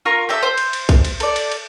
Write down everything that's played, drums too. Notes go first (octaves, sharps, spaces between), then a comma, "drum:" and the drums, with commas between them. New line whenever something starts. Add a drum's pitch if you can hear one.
F4 A#4 C#6
G4 A4 E5
C5
drum: cymbal
drum: cymbal
drum: kick, cymbal
drum: cymbal
A4 D5, drum: cymbal
drum: cymbal
drum: cymbal